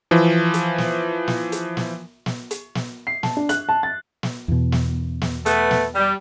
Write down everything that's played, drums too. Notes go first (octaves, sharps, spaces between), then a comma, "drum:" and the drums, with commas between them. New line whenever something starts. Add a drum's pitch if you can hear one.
E3 F3
drum: hi-hat
drum: snare
drum: snare
drum: hi-hat
drum: snare
drum: snare
drum: hi-hat
drum: snare
C7
A5, drum: snare
D4
F#6, drum: hi-hat
A5
A6
drum: snare
E2 B2
drum: snare
drum: snare
A3 B3 B4, drum: hi-hat
drum: snare
G3